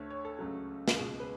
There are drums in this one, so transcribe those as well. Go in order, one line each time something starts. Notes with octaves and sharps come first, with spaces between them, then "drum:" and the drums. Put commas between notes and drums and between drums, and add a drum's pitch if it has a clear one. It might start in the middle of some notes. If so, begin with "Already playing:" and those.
Already playing: D2 D3 A3 C#5
C#5
A4
C#2 C#3 F#3 A3
drum: snare
C#2 B2 G#3 G#4
B4